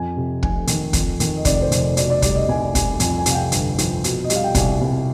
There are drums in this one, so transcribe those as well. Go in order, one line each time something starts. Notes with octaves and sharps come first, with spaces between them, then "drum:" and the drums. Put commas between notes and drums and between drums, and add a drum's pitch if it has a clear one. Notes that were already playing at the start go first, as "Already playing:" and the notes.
Already playing: F2 G#5
C3
F1 G#5, drum: kick
D#3, drum: hi-hat
F2, drum: kick, hi-hat
D#3, drum: hi-hat
D#5
F1 D5, drum: kick, hi-hat
C5
F1, drum: hi-hat
B2 D5, drum: hi-hat
D5
G3 D5, drum: kick, hi-hat
D#5
C2 G#5
C2 G#5, drum: kick, hi-hat
F2 G#5, drum: hi-hat
G#5
C3 F5, drum: hi-hat
G5
G1, drum: hi-hat
F3, drum: hi-hat
B2, drum: hi-hat
D#5
G3, drum: hi-hat
F5
G5
C2 G#5, drum: kick, hi-hat
C2